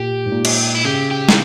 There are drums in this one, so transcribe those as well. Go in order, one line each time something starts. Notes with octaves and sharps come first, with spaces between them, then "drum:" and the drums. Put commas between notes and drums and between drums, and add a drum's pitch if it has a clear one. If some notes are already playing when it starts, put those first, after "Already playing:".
Already playing: A#2 G4
G#2
A#2
drum: cymbal
E4
C#3 G4
G4
D#4, drum: snare